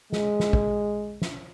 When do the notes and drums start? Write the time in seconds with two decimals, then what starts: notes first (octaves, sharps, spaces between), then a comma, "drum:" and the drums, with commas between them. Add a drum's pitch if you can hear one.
0.12 G#3, drum: snare
0.40 drum: snare
0.53 drum: kick
1.22 drum: snare